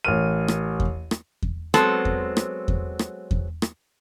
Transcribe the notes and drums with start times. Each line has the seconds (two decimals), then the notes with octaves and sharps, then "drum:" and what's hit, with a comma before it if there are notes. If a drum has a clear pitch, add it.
0.05 A1 A#4 F6 D#7
0.48 drum: rim click
0.80 drum: kick E2
1.11 drum: rim click
1.42 drum: kick E2
1.74 F#3 G#3 B3 C4 A4, drum: rim click
2.05 drum: kick E2
2.37 drum: rim click
2.68 drum: kick E2
2.99 drum: rim click
3.31 drum: kick E2
3.62 drum: rim click